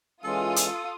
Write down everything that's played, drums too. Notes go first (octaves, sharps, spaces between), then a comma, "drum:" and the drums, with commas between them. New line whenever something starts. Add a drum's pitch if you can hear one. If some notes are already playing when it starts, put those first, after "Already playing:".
E3 G#3 C#4 F4 A4 D#6
drum: hi-hat